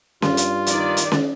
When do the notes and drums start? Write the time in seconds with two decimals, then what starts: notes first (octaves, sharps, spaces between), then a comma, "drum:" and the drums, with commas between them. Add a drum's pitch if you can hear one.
0.22 G2 F4, drum: snare C#4
0.37 drum: hi-hat
0.67 D#3 D5, drum: hi-hat
0.97 drum: hi-hat
1.12 drum: snare C#4